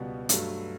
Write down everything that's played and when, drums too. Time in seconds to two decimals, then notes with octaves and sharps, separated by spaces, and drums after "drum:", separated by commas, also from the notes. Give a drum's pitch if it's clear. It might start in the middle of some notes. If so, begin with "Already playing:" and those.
Already playing: C#2 B2 G3 B3 F#4
0.29 G2 F#3 A3, drum: hi-hat